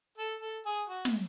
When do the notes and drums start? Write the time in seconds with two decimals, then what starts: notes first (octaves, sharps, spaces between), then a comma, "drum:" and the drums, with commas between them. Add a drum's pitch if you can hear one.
0.18 A4
0.42 A4
0.66 G#4
0.89 F#4
1.05 drum: snare